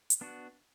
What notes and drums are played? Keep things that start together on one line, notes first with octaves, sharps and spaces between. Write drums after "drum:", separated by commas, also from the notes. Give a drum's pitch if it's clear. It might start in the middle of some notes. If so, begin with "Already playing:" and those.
drum: hi-hat
B3 D4 F#4